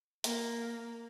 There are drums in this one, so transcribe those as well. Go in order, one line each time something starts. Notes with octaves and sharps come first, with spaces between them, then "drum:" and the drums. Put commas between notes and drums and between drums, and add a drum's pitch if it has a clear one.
A#3, drum: hi-hat